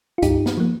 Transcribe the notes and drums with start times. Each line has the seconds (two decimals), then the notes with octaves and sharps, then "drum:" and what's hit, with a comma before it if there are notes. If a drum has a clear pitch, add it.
0.18 F4
0.22 G2 D#4 G4, drum: kick, hi-hat
0.46 drum: snare
0.57 F3 A#3